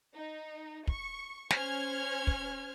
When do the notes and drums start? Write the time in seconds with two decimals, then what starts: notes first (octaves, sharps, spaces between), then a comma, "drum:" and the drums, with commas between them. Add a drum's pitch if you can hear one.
0.15 D#4
0.87 C#6, drum: kick
1.50 C#4 C5 F6 G#6, drum: snare
2.27 drum: kick